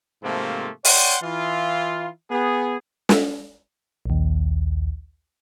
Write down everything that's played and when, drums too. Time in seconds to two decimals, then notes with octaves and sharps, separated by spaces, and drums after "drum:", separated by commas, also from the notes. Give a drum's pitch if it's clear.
0.23 G#2 C3 F3 A3 A#3
0.85 C#5 D5 F#5 G5 C6, drum: open hi-hat
1.22 E3 E4 F4
2.30 B3 G#4
3.09 drum: snare
4.06 A#1 D#2